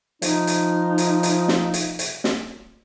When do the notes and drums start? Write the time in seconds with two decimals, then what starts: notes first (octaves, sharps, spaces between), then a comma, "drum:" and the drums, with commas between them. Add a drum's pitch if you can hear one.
0.22 F3 D#4, drum: hi-hat
0.47 drum: hi-hat
0.98 drum: hi-hat
1.23 drum: hi-hat
1.48 drum: snare
1.74 drum: hi-hat
1.99 drum: hi-hat
2.24 drum: snare